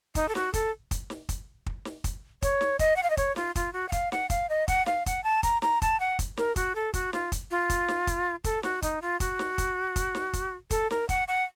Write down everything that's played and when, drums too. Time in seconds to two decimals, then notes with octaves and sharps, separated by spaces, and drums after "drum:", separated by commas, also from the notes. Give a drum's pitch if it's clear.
0.15 D#4, drum: kick, hi-hat
0.29 A4
0.35 F#4, drum: snare
0.54 A4, drum: kick, hi-hat
0.91 drum: kick, hi-hat
1.10 drum: snare
1.29 drum: kick, hi-hat
1.66 drum: kick
1.85 drum: snare
2.04 drum: kick, hi-hat
2.42 C#5, drum: kick, hi-hat
2.61 drum: snare
2.79 D#5, drum: kick, hi-hat
2.96 F#5
3.03 F5
3.10 D#5
3.17 C#5, drum: kick, hi-hat
3.36 F4, drum: snare
3.56 F4, drum: kick, hi-hat
3.73 F#4
3.89 F#5
3.92 F5, drum: kick, hi-hat
4.12 F#5, drum: snare
4.30 F5, drum: kick, hi-hat
4.49 D#5
4.68 F#5, drum: kick, hi-hat
4.86 F5, drum: snare
5.06 F#5, drum: kick, hi-hat
5.24 A5
5.43 A#5, drum: kick, hi-hat
5.62 A#5, drum: snare
5.82 A5, drum: kick, hi-hat
6.00 F#5
6.19 drum: kick, hi-hat
6.37 A#4, drum: snare
6.56 F#4, drum: kick, hi-hat
6.75 A4
6.94 F#4, drum: kick, hi-hat
7.13 F4, drum: snare
7.32 drum: kick, hi-hat
7.51 F4
7.70 drum: kick, hi-hat
7.88 drum: snare
8.07 drum: kick, hi-hat
8.44 A4, drum: kick, hi-hat
8.63 F#4, drum: snare
8.82 D#4, drum: kick, hi-hat
9.02 F4
9.20 F#4, drum: kick, hi-hat
9.39 drum: snare
9.58 drum: kick, hi-hat
9.96 drum: kick, hi-hat
10.15 drum: snare
10.33 drum: kick, hi-hat
10.71 A4, drum: kick, hi-hat
10.91 A#4, drum: snare
11.09 F#5, drum: kick, hi-hat
11.28 F#5